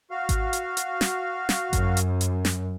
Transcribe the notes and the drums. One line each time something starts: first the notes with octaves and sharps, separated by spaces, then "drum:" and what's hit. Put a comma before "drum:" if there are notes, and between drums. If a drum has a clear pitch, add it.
F#4 F5
drum: kick G#1, hi-hat
drum: hi-hat
drum: hi-hat
drum: snare
drum: snare
F#2, drum: kick G#1, hi-hat
drum: hi-hat
drum: hi-hat
drum: snare